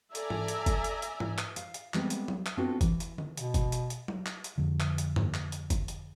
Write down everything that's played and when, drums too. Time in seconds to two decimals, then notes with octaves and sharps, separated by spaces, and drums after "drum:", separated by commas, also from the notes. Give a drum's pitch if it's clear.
0.15 A4 D5 E5 G#5 A#5, drum: hi-hat
0.30 drum: tom G#2
0.48 drum: hi-hat
0.66 drum: kick, hi-hat
0.84 drum: hi-hat
1.02 drum: hi-hat
1.20 drum: tom G#2
1.38 drum: clap
1.56 F5, drum: hi-hat
1.74 drum: hi-hat
1.94 G3 G#3 B3 C4 A4, drum: clap
2.10 drum: hi-hat
2.28 drum: tom F#3
2.46 drum: clap
2.57 B3 C4 D4 F4 F#4 A4
2.81 E3, drum: kick, hi-hat
3.00 drum: hi-hat
3.18 drum: tom D3
3.37 B2, drum: hi-hat
3.54 drum: kick, hi-hat
3.72 drum: hi-hat
3.90 drum: hi-hat
4.08 drum: tom F#3
4.26 drum: clap
4.44 drum: hi-hat
4.58 F2 D3
4.80 drum: clap
4.98 drum: hi-hat
5.16 drum: tom G2
5.34 drum: clap
5.52 drum: hi-hat
5.70 drum: kick, hi-hat
5.88 drum: hi-hat